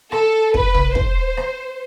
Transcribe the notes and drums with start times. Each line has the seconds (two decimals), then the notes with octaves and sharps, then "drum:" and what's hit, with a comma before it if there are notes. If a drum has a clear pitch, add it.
0.12 A4, drum: rim click
0.54 B4, drum: kick
0.75 drum: tom
0.95 C5, drum: kick
1.37 drum: rim click